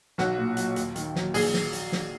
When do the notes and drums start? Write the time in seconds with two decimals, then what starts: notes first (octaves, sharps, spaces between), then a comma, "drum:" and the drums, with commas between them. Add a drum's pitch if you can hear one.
0.18 B1 F#4, drum: snare
0.38 A#2
0.57 F#3, drum: hi-hat
0.76 D#2, drum: hi-hat
0.96 D#3, drum: hi-hat
1.16 F#3, drum: snare
1.34 A#1 G#4, drum: open hi-hat
1.54 drum: snare
1.73 drum: hi-hat
1.92 drum: snare